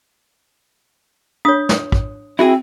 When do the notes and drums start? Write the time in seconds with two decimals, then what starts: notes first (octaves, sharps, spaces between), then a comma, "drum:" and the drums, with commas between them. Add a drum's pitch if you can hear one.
1.45 D4 C#5 D#6
1.69 drum: snare
1.92 drum: kick
2.39 C4 E4 F#4 G#4